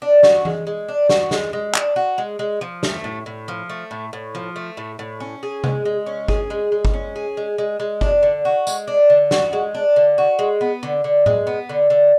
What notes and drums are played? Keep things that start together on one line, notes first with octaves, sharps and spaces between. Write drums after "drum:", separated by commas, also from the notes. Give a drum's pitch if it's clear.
D4
F#4, drum: snare
G#3, drum: tom E3
G#3
D4
F#4, drum: snare
G#3, drum: snare
G#3
D4, drum: clap
F#4
G#3
G#3
F3
A3, drum: snare
A2
A2
F3
A3
A2
A2
F3
A3
A2
A2
C#4
G#4
G#3, drum: tom C3
G#3
C#4
G#4, drum: kick G1
G#3
G#3
drum: kick G1
C#4
G#4
G#3
G#3
G#3
D4, drum: kick G1
D3
F#4
G#3, drum: tambourine
D4
D3
F#4, drum: snare
G#3
D4
D3
F#4
G#3
B3
D3
D3
G#3, drum: tom A2
B3
D3
D3